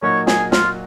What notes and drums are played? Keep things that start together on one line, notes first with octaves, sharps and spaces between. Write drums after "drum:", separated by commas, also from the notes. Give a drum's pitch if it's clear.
A#2 F#3 A#3 D#4 F#4 C#5
G#4, drum: snare
F4, drum: snare